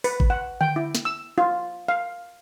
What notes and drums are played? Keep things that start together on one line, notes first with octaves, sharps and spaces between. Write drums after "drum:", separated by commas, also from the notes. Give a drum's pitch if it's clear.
B4, drum: open hi-hat
drum: kick
F#5
G5, drum: tom D3
E4
drum: snare
E6
F4
F5